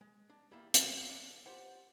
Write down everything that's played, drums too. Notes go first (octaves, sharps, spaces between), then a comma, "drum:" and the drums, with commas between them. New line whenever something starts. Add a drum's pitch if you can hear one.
G#3
D4
E2 G3 A#3 E4 E5 F5
F#3 B3 C4 F#4 C#5, drum: hi-hat
D4 E5 F5
F4 G4 C5 F#5